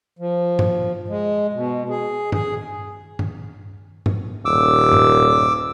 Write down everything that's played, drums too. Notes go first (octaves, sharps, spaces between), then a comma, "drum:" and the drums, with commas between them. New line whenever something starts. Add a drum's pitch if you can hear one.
F3
drum: tom G2
G#3
B2
G#4
G#4, drum: tom G2
drum: tom G2
drum: tom G2
D#1 D6 E6
drum: tom G2